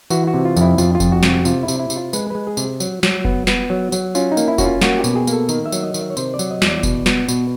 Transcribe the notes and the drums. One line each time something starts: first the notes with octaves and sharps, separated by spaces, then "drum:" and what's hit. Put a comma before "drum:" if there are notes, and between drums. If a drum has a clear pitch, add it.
E3 F#4, drum: tambourine
F#4
C3
F4
F2 E4, drum: tambourine
F2 F4, drum: tambourine
F4
F2, drum: kick F1, tambourine
F#4
C3, drum: snare
F#4
C3 F4, drum: tambourine
E4
C3, drum: tambourine
E4
C3, drum: tambourine
F4
G#3 B4, drum: tambourine
G#3 B4
G#4
C3, drum: tambourine
F#3, drum: tambourine
F#3, drum: snare
B3, drum: kick F1
B3, drum: snare
F#3
F#3, drum: tambourine
C#4 F4, drum: tambourine
D#4
A#3, drum: tambourine
E4
C#4 F#4, drum: kick F1, tambourine
F4
A#3 F#4, drum: snare
G4
B2, drum: tambourine
G#4
A#3, drum: tambourine
A4
D#3 A#4, drum: tambourine
E5
F#3, drum: tambourine
D#5
D#3 E5, drum: tambourine
C#5
C3 C5, drum: tambourine
D5
F#3, drum: tambourine
D#5
E2 D5, drum: snare
B2, drum: kick F1, tambourine
B3, drum: snare
B2, drum: tambourine